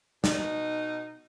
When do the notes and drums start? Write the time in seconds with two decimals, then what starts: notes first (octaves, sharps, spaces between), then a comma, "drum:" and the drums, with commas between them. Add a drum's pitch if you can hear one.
0.24 B2 D#4, drum: snare